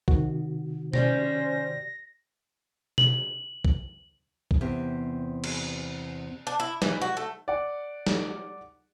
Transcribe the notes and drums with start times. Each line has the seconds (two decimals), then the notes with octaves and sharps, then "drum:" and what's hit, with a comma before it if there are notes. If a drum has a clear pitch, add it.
0.08 C3 D#3 F#4, drum: kick B1
0.93 C#4 G4 C5 D5 A#6, drum: tom B2
2.98 F#7, drum: tom B2
3.65 drum: kick B1
4.51 drum: kick B1
4.61 E2 C3 C4
5.44 drum: cymbal
6.47 D4
6.60 E4
6.82 E3, drum: snare
7.01 F#4
7.17 A3
7.48 D5 F#5
8.07 drum: snare